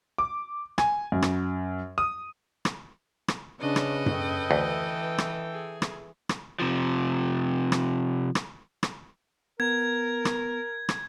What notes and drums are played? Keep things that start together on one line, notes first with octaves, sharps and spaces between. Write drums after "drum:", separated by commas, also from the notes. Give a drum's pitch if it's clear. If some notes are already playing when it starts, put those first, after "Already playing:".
D6
G#5, drum: rim click
F#2
drum: rim click
D#6
drum: rim click
drum: rim click
C#3 C#4 D4 B4 D#5
drum: rim click
A4 G5, drum: tom F#2
D2 E3
drum: rim click
G#4
drum: rim click
drum: rim click
C3 F3
drum: rim click
drum: rim click
drum: rim click
B3 A#4 G#6
drum: rim click
drum: rim click